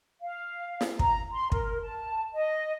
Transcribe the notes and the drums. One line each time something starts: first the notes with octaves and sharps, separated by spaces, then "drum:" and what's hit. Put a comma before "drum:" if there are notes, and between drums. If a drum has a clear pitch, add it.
F5
drum: snare
A#5, drum: kick
C6
A#4, drum: kick
A5
D#5